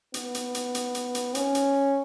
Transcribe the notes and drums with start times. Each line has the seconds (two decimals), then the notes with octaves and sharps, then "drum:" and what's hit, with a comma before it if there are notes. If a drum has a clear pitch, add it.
0.14 B3, drum: hi-hat
0.35 drum: hi-hat
0.55 drum: hi-hat
0.75 drum: hi-hat
0.95 drum: hi-hat
1.15 drum: hi-hat
1.35 C#4, drum: hi-hat
1.55 drum: hi-hat